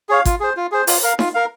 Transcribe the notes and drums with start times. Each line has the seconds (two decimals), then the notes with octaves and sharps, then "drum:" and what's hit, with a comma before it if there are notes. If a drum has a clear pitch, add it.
0.09 G#4 C#5 F5
0.25 F4, drum: kick, hi-hat
0.40 G#4 C5
0.57 F4
0.72 G#4 C5
0.87 F4, drum: open hi-hat
1.03 A#4 F5
1.19 F4, drum: snare D#4
1.34 A#4 F5